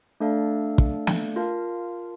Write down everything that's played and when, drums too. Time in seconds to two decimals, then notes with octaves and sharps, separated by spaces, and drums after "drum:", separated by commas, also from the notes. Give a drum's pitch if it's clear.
0.20 A3 D4 A4 D5 F5
0.78 drum: kick
1.07 drum: snare
1.36 F4 A#4 F5 A5